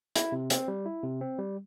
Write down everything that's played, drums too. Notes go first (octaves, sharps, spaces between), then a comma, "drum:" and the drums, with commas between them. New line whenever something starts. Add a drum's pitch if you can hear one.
E4, drum: hi-hat
C3
C4, drum: hi-hat
G3
E4
C3
C4
G3